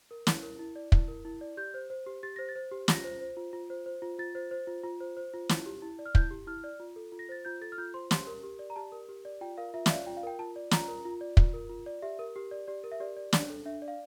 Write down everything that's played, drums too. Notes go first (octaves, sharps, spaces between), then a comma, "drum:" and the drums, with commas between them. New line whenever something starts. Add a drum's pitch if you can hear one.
A#4
E4, drum: snare
A#4
E4
D5
E4, drum: kick
A#4
E4
D5
G4 G6
C5
C5
G4
G4 A6
C5 A#6
A6
C5
G4
F4 A#6, drum: snare
C5
C5
F4
F4
C5
C5
F4
F4 A6
C5
C5
F4
F4
C5
C5
F4
E4, drum: snare
G4
E4
D5
F6
E4 G6, drum: kick
G4
E4 F6
D5
F4
A4
F4
A#6
C5 A6
F4 G6
A4 A6
F6
F4 G6
C5 C6
G4 C6, drum: snare
A#4
G4
D5
A#5
G4 A5
A#4
G4
D5
F4 G5
A#4 F5
F4 E5
E5, drum: snare
D5 F5
F4 G5
F5
A#4 G5
F4 A5
D5
F4 A#5, drum: snare
A#4
F4
D5
F4, drum: kick
A#4
F4
D5
G4 E5
A#4
G4
D5
G4 D5
A#4
E5
G4 D5
D5
D4 D5, drum: snare
A4
D4 E5
D5
F5